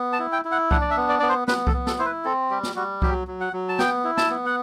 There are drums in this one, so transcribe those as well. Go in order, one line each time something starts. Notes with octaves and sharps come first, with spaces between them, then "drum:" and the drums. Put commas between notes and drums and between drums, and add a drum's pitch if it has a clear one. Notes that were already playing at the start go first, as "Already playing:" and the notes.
Already playing: B3
A5
E4
G5
E4
F#5
D4 F#5, drum: kick C2
D5
E5
B3
D5
B3 D5
C5
B3 B4, drum: snare
A4, drum: kick C2
B3
A4, drum: snare
E4 C5
B4
C4 A4
G3 G4
drum: snare
G3 F#4
F#3 G4, drum: kick C2
F#3
F#5
F#3
A5
B3 G5, drum: snare
E4
A5, drum: snare
B3
F#5